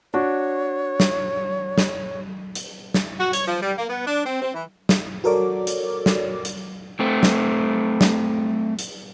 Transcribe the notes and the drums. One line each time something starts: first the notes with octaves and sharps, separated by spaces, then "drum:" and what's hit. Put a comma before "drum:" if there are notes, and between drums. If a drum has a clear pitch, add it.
D4 F#4 C#5
drum: snare
drum: snare
drum: hi-hat
drum: snare
F#4
C#5, drum: hi-hat
F3
G3
A#3
B3
D4
C4
C4
E3
drum: snare
F#4 A4 A#4 C#5 D5 D6
drum: hi-hat
drum: snare
drum: hi-hat
A3 C4
drum: snare
drum: snare
drum: hi-hat